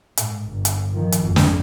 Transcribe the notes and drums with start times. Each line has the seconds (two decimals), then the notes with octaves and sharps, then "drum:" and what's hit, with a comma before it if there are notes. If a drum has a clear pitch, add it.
0.17 G#2, drum: hi-hat
0.48 G1
0.65 drum: hi-hat
0.93 D#3 F3
1.12 drum: hi-hat
1.23 G#1 F2
1.36 drum: snare